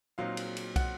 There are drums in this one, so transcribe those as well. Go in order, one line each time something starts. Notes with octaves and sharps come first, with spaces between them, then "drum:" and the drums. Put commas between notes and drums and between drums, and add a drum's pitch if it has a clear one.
A#2 F#3 C4 D#4 F5
drum: cymbal
drum: cymbal
F#5, drum: kick, cymbal